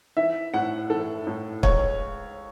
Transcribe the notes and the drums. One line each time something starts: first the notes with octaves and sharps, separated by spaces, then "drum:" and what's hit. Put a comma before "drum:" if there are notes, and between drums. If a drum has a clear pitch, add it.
E3 E5
A2 F#5
E3 A4
A2
C#2 C#5, drum: kick